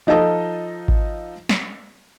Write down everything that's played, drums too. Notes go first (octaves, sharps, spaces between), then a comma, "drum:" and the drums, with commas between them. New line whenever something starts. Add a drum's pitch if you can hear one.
F3 D#4 F4 A4 D#5
drum: kick G#1
drum: snare